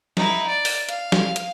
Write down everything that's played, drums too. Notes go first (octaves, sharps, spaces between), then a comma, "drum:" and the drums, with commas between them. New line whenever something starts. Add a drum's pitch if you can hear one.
D#4 E4, drum: snare
D5
drum: open hi-hat
F5, drum: hi-hat
drum: snare
drum: hi-hat